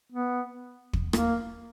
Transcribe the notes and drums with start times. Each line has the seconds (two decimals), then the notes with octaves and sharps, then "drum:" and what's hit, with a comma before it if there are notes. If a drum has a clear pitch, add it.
0.12 B3
0.93 drum: kick
1.13 A#3, drum: rim click